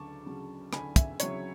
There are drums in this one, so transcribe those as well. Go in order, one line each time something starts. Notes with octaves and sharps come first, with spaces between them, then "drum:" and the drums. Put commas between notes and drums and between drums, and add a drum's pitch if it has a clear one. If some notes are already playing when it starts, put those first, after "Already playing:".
Already playing: D2 C#3 F#3 A5 C#6 D6
C#3 F#3
D2 G#5 B5, drum: rim click
E5 G#5, drum: kick, hi-hat
C#3 F#3 C#5, drum: hi-hat